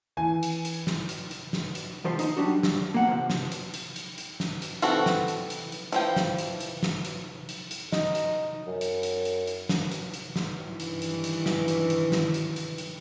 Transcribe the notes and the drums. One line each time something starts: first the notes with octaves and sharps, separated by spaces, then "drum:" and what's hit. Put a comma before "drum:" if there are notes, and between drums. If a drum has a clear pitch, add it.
E3 G#5
drum: hi-hat
drum: hi-hat
drum: snare
drum: hi-hat
drum: hi-hat
drum: snare
drum: hi-hat
C2 F3 G3 C6
D#4, drum: hi-hat
F#3 G3 D4 F#4
drum: snare
A#3 F#5
C3 F3
drum: snare
drum: hi-hat
drum: hi-hat
drum: hi-hat
drum: hi-hat
drum: snare
drum: hi-hat
E3 C4 F#4 A4, drum: hi-hat
drum: snare
drum: hi-hat
drum: hi-hat
drum: hi-hat
E3 F3 G5, drum: hi-hat
drum: snare
drum: hi-hat
drum: hi-hat
drum: snare
drum: hi-hat
drum: hi-hat
drum: hi-hat
D#4, drum: snare
drum: hi-hat
F#2
drum: hi-hat
drum: hi-hat
drum: hi-hat
drum: hi-hat
drum: snare
drum: hi-hat
drum: hi-hat
drum: snare
G2 D#3 E3
drum: hi-hat
drum: hi-hat
drum: hi-hat
drum: snare
drum: hi-hat
drum: hi-hat
drum: snare
drum: hi-hat
drum: hi-hat
drum: hi-hat